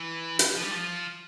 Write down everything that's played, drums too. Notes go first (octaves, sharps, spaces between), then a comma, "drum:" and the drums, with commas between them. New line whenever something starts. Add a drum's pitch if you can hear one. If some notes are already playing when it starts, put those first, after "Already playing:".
Already playing: E3
drum: hi-hat
F3
G3
F3